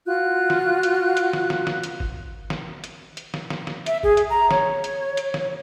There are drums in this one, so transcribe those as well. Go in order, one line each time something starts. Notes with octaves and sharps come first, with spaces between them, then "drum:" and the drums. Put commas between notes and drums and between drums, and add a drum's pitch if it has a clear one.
F4 F#4 F#6
drum: snare
drum: hi-hat
drum: hi-hat
drum: snare
drum: snare
drum: snare
drum: hi-hat
drum: kick G1
drum: snare
drum: hi-hat
drum: hi-hat
drum: snare
drum: snare
drum: snare
E5, drum: hi-hat
G#4, drum: kick G1
drum: hi-hat
A#5
C#5, drum: snare
drum: hi-hat
drum: hi-hat
drum: snare